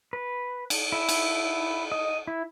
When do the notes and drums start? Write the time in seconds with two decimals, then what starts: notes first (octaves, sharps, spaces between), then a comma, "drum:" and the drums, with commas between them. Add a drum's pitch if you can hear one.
0.13 B4
0.70 drum: cymbal
0.92 E4
1.09 drum: cymbal
1.92 D#5
2.27 E4